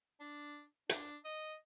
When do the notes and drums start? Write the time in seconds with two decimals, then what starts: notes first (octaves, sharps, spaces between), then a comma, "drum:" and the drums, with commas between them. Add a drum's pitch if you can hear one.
0.20 D4
0.89 D4, drum: hi-hat
1.25 D#5